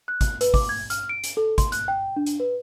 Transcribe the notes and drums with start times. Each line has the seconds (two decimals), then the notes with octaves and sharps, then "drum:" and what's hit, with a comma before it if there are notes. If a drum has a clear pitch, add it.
0.08 F#6
0.21 drum: kick, hi-hat
0.41 B4, drum: hi-hat
0.54 D6, drum: kick, open hi-hat
0.69 G#6
0.90 F6, drum: hi-hat
1.09 D7
1.24 drum: hi-hat
1.37 A4
1.58 C6, drum: kick, hi-hat
1.72 F#6, drum: hi-hat
1.88 G5
2.16 D4
2.26 drum: hi-hat
2.40 B4